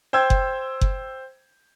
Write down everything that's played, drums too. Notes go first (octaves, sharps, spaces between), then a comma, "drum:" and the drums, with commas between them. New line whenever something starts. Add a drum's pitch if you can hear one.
C5 G5 E6 G#6
drum: kick F#1
drum: kick F#1